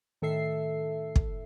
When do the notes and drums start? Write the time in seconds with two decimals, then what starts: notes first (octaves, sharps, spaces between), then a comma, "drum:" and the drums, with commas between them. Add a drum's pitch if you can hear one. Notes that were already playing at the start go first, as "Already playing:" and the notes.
0.22 A2 D#3 A4 E5 C7
1.16 drum: kick